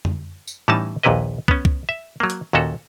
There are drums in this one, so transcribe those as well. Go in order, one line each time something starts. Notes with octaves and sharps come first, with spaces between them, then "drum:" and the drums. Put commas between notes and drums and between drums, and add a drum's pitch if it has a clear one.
drum: tom F2
drum: tambourine
A2 E3 G3 C#4 D#4 A5
A#1 D#2 A#2 E4 B4 D#5
B3 C#4, drum: kick
drum: kick
E5
F#3 A#3
drum: hi-hat
D#2 A#2 C#4 F#4 A4